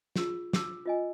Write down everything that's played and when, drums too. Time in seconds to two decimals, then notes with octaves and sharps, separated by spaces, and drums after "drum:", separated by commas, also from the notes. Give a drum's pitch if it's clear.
0.16 F4 G#4 E6, drum: snare
0.53 D6 E6, drum: snare
0.85 F4 D#5 G#5